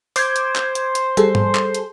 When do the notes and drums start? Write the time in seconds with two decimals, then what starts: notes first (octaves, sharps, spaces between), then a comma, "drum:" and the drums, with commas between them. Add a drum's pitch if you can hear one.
0.16 C5 D6 G6 G#6, drum: open hi-hat
0.36 drum: hi-hat
0.56 drum: clap
0.75 drum: hi-hat
0.95 drum: hi-hat
1.17 G3 G#4 A4, drum: hi-hat
1.35 drum: tom G#2
1.55 drum: clap
1.75 drum: hi-hat